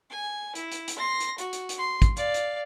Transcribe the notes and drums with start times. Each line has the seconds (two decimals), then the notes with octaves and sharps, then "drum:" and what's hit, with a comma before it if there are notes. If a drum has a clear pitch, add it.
0.10 G#5
0.55 E4, drum: hi-hat
0.72 drum: hi-hat
0.88 drum: hi-hat
0.98 C6 A#6
1.20 drum: hi-hat
1.38 F#4, drum: hi-hat
1.53 drum: hi-hat
1.69 drum: hi-hat
1.78 C6
2.02 drum: kick, hi-hat
2.17 D5 F5, drum: hi-hat
2.34 drum: hi-hat